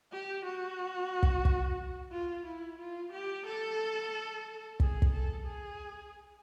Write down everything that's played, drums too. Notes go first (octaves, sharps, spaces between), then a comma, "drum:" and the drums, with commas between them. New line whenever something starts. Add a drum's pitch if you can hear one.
G4
F#4
drum: kick
drum: kick
F4
E4
F4
G4
A4
G#4, drum: kick
drum: kick
A4
G#4